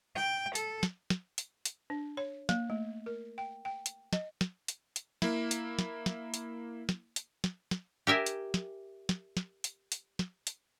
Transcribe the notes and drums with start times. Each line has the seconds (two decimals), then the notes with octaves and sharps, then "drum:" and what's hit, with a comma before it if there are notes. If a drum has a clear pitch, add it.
0.16 G5
0.55 A4, drum: hi-hat
0.83 drum: snare
1.10 drum: snare
1.38 drum: hi-hat
1.65 drum: hi-hat
1.90 D4
2.17 C#5
2.49 A#3, drum: snare
2.70 A3
3.06 A#4
3.38 G5
3.65 G5
3.86 drum: hi-hat
4.13 D#5, drum: snare
4.41 drum: snare
4.68 drum: hi-hat
4.96 drum: hi-hat
5.22 A#3 E4, drum: snare
5.51 drum: hi-hat
5.79 drum: snare
6.06 drum: snare
6.34 drum: hi-hat
6.89 drum: snare
7.16 drum: hi-hat
7.44 drum: snare
7.71 drum: snare
8.07 G4 A#4 E5 G#5
8.26 drum: hi-hat
8.54 drum: snare
9.09 drum: snare
9.37 drum: snare
9.64 drum: hi-hat
9.92 drum: hi-hat
10.19 drum: snare
10.47 drum: hi-hat